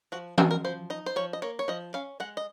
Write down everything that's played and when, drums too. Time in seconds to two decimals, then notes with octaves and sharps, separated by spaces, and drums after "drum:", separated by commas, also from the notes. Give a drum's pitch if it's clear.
0.12 F3 F#4
0.38 G#3 A#4, drum: tom E3
0.51 A#4
0.64 F3 C5
0.90 D#4 D#5
1.06 C5
1.16 F3 C#5
1.33 D#5
1.42 A#3 C#5
1.59 C#5
1.68 F3 D#5
1.94 C#4 F5
2.20 G#3 F#5
2.37 D#5